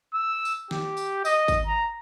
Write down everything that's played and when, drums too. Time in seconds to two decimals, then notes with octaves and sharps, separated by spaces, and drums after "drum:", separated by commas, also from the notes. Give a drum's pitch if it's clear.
0.14 E6
0.45 drum: tambourine
0.71 G4, drum: snare
0.97 drum: tambourine
1.25 D#5, drum: tambourine
1.48 drum: kick, tambourine
1.67 A#5